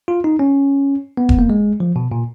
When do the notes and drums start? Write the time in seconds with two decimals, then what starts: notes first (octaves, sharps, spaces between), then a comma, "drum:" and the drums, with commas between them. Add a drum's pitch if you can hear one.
0.08 F4
0.24 D#4
0.39 C#4
1.17 B3
1.29 drum: kick E1
1.39 A#3
1.50 G#3
1.80 F3
1.96 B2
2.12 A#2